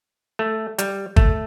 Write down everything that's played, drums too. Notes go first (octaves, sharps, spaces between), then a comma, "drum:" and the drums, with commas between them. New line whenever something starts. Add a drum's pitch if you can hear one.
A3
G3, drum: hi-hat
A3, drum: kick G1